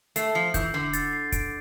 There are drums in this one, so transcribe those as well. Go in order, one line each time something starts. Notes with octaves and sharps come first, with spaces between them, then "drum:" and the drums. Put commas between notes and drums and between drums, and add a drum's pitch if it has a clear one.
A3 C7, drum: hi-hat
F3 C7
E3 G6, drum: kick E1, hi-hat
D3 C7
A6, drum: hi-hat
C7
D7, drum: kick E1, hi-hat